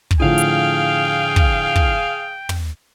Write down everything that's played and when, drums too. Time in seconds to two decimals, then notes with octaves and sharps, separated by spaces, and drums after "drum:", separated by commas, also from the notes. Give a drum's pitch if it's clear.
0.11 drum: kick
0.20 A2 D3 F3 G#4 F5 G5
0.38 drum: hi-hat
1.36 drum: kick
1.76 drum: kick
2.49 drum: tom